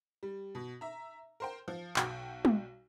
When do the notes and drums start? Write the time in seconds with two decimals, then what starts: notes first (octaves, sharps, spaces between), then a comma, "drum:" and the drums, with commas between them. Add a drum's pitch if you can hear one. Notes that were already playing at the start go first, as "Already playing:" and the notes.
0.23 G3
0.55 B2
0.81 E5 A#5
1.40 A#4 C5 G5
1.68 F3
1.96 B1 F#4 G5, drum: clap
2.45 drum: tom